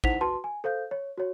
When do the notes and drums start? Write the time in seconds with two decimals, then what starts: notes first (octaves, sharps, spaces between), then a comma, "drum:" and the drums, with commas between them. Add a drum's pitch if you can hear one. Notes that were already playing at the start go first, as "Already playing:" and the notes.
0.04 D#4 E4 C5 F#5 B6 F7, drum: kick
0.21 F#4 B4 A5 C6
0.44 G#5
0.64 A4 C5 F5 G6
0.91 C#5
1.18 F#4 C#5